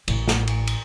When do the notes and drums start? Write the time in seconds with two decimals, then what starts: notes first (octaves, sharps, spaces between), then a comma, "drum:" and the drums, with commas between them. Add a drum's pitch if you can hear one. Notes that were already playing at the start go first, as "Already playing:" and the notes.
0.08 A1 A2, drum: cymbal
0.28 drum: snare
0.47 drum: cymbal
0.67 drum: cymbal